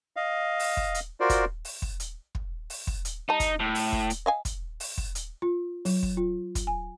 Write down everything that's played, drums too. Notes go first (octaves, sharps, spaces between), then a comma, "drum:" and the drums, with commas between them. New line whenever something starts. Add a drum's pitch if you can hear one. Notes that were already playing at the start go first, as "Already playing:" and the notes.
D#5 F5
drum: open hi-hat
drum: kick
drum: hi-hat
F4 F#4 A#4 C5 D5
drum: kick, hi-hat
drum: open hi-hat
drum: kick
drum: hi-hat
drum: kick
drum: open hi-hat
drum: kick
drum: hi-hat
G3 D#4 A5
drum: kick, hi-hat
A2
drum: open hi-hat
drum: kick
drum: hi-hat
D#5 F5 G#5
drum: kick, hi-hat
drum: open hi-hat
drum: kick
drum: hi-hat
F4
F#3, drum: open hi-hat
drum: kick
F4
drum: kick, hi-hat
G#5